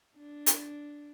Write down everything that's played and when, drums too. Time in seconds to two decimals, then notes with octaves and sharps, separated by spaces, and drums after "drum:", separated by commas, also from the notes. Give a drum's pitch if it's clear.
0.17 D4
0.46 drum: hi-hat